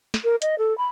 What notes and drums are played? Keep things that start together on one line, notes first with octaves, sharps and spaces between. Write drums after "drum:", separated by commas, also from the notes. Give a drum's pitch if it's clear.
drum: snare
A#4
D#5, drum: hi-hat
A4
B5